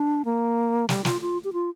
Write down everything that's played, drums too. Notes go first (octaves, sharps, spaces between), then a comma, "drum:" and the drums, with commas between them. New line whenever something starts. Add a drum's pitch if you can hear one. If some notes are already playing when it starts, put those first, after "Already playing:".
Already playing: D4
A#3
G3, drum: snare
F4, drum: snare
F4
G4
F4